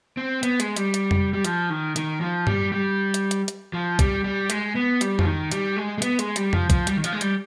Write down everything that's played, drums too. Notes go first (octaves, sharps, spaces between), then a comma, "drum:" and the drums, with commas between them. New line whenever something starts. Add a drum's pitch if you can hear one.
C4
B3, drum: hi-hat
G#3, drum: hi-hat
G3, drum: hi-hat
drum: hi-hat
drum: tom F2
G3
F3, drum: hi-hat
D#3
D#3, drum: hi-hat
F3
G3, drum: tom G2
G3
drum: hi-hat
drum: hi-hat
drum: hi-hat
F3
G3, drum: kick, hi-hat
G3
G#3, drum: hi-hat
B3
G3, drum: hi-hat
F3, drum: tom F2
D#3
G3, drum: hi-hat
G#3
G#3
B3, drum: hi-hat
G#3, drum: hi-hat
G3, drum: hi-hat
F3, drum: tom F2
F3, drum: kick, hi-hat
G3, drum: hi-hat
D#3
F3, drum: hi-hat
G#3
G3, drum: hi-hat